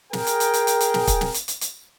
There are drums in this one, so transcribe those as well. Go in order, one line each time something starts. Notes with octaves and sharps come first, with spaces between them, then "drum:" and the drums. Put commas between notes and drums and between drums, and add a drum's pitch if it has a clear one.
G#4 A#4 G5, drum: snare
drum: hi-hat
drum: hi-hat
drum: hi-hat
drum: hi-hat
drum: hi-hat
drum: snare
drum: kick, hi-hat
drum: snare
drum: hi-hat
drum: hi-hat
drum: hi-hat